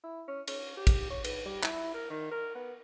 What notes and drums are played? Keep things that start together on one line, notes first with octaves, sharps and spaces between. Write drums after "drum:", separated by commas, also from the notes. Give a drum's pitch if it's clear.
E4
C#4
C#4, drum: cymbal
G4
drum: kick, cymbal
C#5
B4, drum: cymbal
G3
E4, drum: clap
A#4
D#3
A#4
B3